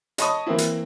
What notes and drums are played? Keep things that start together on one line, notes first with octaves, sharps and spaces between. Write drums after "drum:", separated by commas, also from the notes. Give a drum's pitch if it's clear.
C#5 D#5 A5 B5 C#6 D#6, drum: hi-hat
E3 A#3 C4 E4
drum: hi-hat